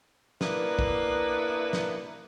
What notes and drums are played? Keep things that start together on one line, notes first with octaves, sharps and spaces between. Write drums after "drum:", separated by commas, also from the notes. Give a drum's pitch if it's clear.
A#3 B3 D4 E4 B4, drum: snare
drum: kick
drum: snare